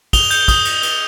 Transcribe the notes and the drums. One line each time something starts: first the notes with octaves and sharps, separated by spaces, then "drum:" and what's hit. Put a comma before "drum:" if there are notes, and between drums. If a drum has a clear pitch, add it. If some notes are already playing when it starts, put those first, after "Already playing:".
D#6 F7 G7, drum: kick, cymbal
G6, drum: cymbal
D#6, drum: kick, cymbal
G6, drum: cymbal
D#6, drum: cymbal